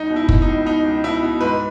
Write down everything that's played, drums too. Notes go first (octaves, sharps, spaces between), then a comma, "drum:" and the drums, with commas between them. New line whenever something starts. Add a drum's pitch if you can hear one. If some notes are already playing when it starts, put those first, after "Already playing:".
Already playing: C#2 D#4
B2
E4
B2, drum: kick F#1
D#4
C#2
B2 D#4
C#2
B2 E4
B2
G#2 B4